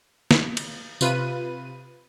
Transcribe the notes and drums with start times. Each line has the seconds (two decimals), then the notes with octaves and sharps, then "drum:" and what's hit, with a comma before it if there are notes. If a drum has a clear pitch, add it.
0.31 drum: snare
0.57 drum: cymbal
1.01 C3 F4 B4 D#7, drum: tambourine